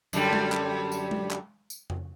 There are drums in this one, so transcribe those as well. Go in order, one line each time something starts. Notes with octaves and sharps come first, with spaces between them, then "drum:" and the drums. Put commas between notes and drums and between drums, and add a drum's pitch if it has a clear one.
F#2 D3 G3, drum: tambourine
drum: tom G#3
drum: clap
drum: tambourine
drum: tom G#3
drum: clap
drum: tambourine
drum: tom F2